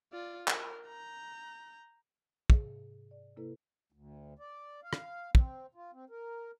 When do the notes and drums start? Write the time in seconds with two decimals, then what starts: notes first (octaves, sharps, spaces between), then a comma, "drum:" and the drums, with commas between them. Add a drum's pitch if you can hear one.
0.12 F4 D5
0.48 A#4, drum: clap
0.87 A#5 G6
2.50 G#2 C3 G#4, drum: kick
3.11 D5
3.37 C3 A#3 E4 A4 B4
3.92 D2
4.39 D5
4.84 F5
4.93 drum: rim click
5.35 C4, drum: kick
5.75 F4
5.93 C4
6.10 A#4